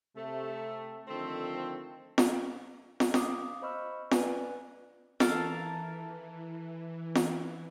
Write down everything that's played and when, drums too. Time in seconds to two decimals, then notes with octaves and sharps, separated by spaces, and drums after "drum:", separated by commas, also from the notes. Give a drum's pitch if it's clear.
0.16 C3 A3
1.08 D3 D#3 F3 A3 C4
2.18 drum: snare
3.00 drum: snare
3.14 F5 D6 D#6, drum: snare
3.62 C5 D#5 B5 C#6 E6 F6
4.11 B4 D5 G#5, drum: snare
5.20 E3 A4 A#4 F5, drum: snare
7.15 drum: snare